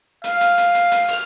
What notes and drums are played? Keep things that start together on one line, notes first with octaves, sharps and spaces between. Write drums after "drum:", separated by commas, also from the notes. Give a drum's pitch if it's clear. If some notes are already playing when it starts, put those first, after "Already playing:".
F5, drum: hi-hat
drum: hi-hat
drum: hi-hat
drum: hi-hat
drum: hi-hat
drum: open hi-hat